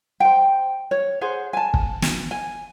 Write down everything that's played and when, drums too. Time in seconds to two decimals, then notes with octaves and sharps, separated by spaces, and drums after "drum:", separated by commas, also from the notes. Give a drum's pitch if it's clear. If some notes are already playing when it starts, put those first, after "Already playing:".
0.20 C5 G5
0.91 C#5
1.21 G#4 C5 F#5
1.53 G#5 A5
1.74 drum: kick
2.02 drum: snare
2.31 G#5